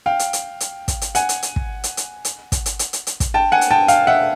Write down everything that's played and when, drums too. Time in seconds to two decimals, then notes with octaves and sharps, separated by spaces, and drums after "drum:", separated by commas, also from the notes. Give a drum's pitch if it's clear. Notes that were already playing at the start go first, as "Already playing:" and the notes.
0.06 F5 G5
0.19 drum: hi-hat
0.33 drum: hi-hat
0.60 drum: hi-hat
0.88 drum: kick, hi-hat
1.01 drum: hi-hat
1.15 F#5 G#5, drum: hi-hat
1.29 drum: hi-hat
1.43 drum: hi-hat
1.56 drum: kick
1.84 drum: hi-hat
1.97 drum: hi-hat
2.25 drum: hi-hat
2.52 drum: kick, hi-hat
2.66 drum: hi-hat
2.79 drum: hi-hat
2.93 drum: hi-hat
3.07 drum: hi-hat
3.20 drum: kick, hi-hat
3.34 G5 A5
3.52 F#5 G#5
3.61 drum: hi-hat
3.71 G5 A5
3.88 F5 G5, drum: hi-hat
4.07 E5 F#5